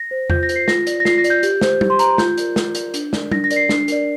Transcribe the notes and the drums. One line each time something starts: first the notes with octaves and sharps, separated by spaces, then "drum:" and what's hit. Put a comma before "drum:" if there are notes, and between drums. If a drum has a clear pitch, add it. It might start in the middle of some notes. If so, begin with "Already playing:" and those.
Already playing: A#6
C5
F4 G6, drum: tom E2
A#6
C5, drum: hi-hat
C7
F4 A#6, drum: snare
D5, drum: hi-hat
A#6
F4 C7, drum: snare
A#6
D5, drum: hi-hat
G6
G4, drum: hi-hat
C5, drum: snare
G4, drum: tom
C6
C5 A#5, drum: hi-hat
F4 G6, drum: snare
A#4 D5, drum: hi-hat
F4, drum: snare
A#4 D5, drum: hi-hat
D4, drum: hi-hat
A#4 D5, drum: snare
D4 A#6, drum: tom
A#6
A#4 D5, drum: hi-hat
C7
D4, drum: snare
A#4 D5, drum: hi-hat